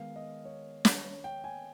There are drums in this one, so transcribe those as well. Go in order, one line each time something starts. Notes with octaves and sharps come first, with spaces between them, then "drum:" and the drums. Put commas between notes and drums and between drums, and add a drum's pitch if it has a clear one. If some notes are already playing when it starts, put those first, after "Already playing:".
Already playing: D#3 G#3 B3 F5
D#5
C#5
drum: snare
C#5
G5
G#5